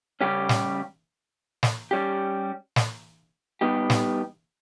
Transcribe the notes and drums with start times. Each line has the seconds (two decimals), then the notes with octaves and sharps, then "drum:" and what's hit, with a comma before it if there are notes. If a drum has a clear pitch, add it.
0.21 C#3 G3 C#4 G4
0.49 drum: snare
1.63 drum: snare
1.91 G3 C#4 G4
2.76 drum: snare
3.61 G3 B3 D#4 G4
3.90 drum: snare